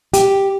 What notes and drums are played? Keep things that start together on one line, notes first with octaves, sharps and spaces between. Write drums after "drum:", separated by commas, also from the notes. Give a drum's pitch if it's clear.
G4, drum: hi-hat